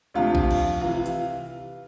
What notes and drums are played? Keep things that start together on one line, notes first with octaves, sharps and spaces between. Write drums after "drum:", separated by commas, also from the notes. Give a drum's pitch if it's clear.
D2 C3 F3 F4
drum: kick A#1
drum: cymbal
C3 E3 F4
drum: hi-hat